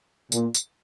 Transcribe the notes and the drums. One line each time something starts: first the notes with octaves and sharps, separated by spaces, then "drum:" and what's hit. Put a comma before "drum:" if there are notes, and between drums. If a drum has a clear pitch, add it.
A#2, drum: tambourine
drum: tambourine